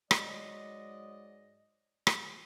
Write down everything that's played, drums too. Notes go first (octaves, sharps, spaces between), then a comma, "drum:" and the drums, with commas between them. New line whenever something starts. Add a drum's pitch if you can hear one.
G#2 F#3 G#3 D5 D#5, drum: rim click
drum: rim click